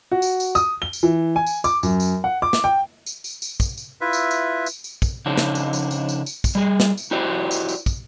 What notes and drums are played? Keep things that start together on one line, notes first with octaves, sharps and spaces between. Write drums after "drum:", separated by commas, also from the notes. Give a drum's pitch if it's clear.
F#4
drum: tambourine
drum: tambourine
D#6, drum: tambourine
G7
drum: tambourine
E3
G#5
drum: tambourine
D6, drum: tambourine
F#2, drum: tambourine
drum: tambourine
F#5
D6
drum: snare
G5
drum: tambourine
drum: tambourine
drum: tambourine
drum: kick, tambourine
drum: tambourine
E4 F4 B4 E5
drum: tambourine
drum: tambourine
drum: tambourine
drum: tambourine
drum: kick, tambourine
C#3 F3 D4 D#4
drum: snare
drum: tambourine
drum: tambourine
drum: tambourine
drum: tambourine
drum: tambourine
drum: kick, tambourine
G3 G#4
drum: snare
drum: tambourine
E4 F#4 G4 C5 D5
drum: tambourine
drum: tambourine
drum: kick, tambourine